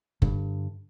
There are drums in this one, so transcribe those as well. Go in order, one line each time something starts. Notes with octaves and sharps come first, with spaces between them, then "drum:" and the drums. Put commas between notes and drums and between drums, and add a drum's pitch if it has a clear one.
G2 D3, drum: kick F#1